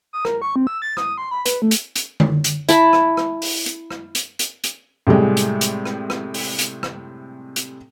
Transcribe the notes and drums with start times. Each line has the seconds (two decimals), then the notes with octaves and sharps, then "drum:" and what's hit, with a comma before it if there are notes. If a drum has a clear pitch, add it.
0.13 D#6
0.25 A#4, drum: rim click
0.42 C#6
0.56 C4
0.67 E6
0.82 A6
0.97 D#6, drum: rim click
1.18 C6
1.31 B5
1.46 B4, drum: hi-hat
1.62 A3
1.71 drum: hi-hat
1.96 drum: hi-hat
2.20 drum: tom D3
2.44 drum: hi-hat
2.69 E4 A5 B5, drum: hi-hat
2.93 drum: rim click
3.17 drum: rim click
3.42 drum: open hi-hat
3.66 drum: hi-hat
3.91 drum: rim click
4.15 drum: hi-hat
4.39 drum: hi-hat
4.64 drum: hi-hat
5.07 A2 C3 G3 G#3
5.37 drum: hi-hat
5.61 drum: hi-hat
5.85 drum: rim click
6.10 drum: rim click
6.34 drum: open hi-hat
6.59 drum: hi-hat
6.83 drum: rim click
7.56 drum: hi-hat